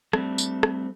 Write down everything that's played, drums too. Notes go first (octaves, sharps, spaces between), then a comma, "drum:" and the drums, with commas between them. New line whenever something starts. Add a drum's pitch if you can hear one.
G3 A3 C4 D4, drum: rim click
drum: tambourine
drum: rim click